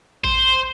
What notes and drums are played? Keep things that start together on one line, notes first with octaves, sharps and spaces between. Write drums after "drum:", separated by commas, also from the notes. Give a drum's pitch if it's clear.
C5, drum: kick A1